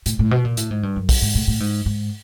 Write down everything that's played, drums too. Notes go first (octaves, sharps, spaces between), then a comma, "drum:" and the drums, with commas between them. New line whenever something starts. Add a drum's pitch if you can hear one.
A2, drum: hi-hat
A2
B2
A#2
A2, drum: hi-hat
G#2
G2
F#2
drum: kick, open hi-hat
G#2
A2
A2
G#2
G#2